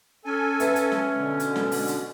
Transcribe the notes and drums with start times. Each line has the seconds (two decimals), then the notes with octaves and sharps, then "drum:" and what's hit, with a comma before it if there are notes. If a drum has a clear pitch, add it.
0.25 C#4 A4 G#5
0.60 B4 E5, drum: hi-hat
0.76 drum: hi-hat
0.92 drum: snare
1.16 B2 D3
1.40 drum: hi-hat
1.56 drum: snare
1.72 drum: open hi-hat
1.88 drum: hi-hat